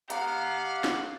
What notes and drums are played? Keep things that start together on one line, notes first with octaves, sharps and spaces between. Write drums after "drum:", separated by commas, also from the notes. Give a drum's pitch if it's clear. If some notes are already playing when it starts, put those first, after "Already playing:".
G4 F5 F#5 A#5, drum: hi-hat
drum: snare